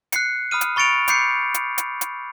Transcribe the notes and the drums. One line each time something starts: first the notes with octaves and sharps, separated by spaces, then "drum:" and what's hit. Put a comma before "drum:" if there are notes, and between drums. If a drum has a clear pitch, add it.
F#6 C7 C#7, drum: hi-hat
B5 D#6 F6 D#7
drum: hi-hat
B5 C#6 A6 C#7 D7 F7
B5 D6 G6 C7 C#7, drum: hi-hat
drum: hi-hat
drum: hi-hat
drum: hi-hat